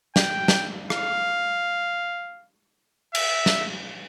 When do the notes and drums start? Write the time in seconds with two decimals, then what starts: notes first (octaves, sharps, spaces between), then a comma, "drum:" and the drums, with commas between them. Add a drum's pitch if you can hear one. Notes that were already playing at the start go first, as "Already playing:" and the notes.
0.16 G5, drum: snare
0.48 drum: snare
0.90 F5, drum: rim click
3.15 E5, drum: cymbal
3.46 drum: snare